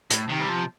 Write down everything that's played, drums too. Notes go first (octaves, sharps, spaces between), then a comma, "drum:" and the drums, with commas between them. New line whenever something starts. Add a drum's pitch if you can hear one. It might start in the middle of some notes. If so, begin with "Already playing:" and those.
A2, drum: hi-hat
C3 D#3
G3
F3